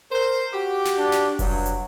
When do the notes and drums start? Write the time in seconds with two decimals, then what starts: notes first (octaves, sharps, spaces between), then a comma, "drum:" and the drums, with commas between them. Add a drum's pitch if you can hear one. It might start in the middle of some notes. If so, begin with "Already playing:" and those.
0.11 A#4 C5
0.53 F#4 G4
0.86 drum: snare
0.98 D4
1.12 drum: snare
1.39 G2 F#3, drum: kick F1, open hi-hat
1.66 drum: hi-hat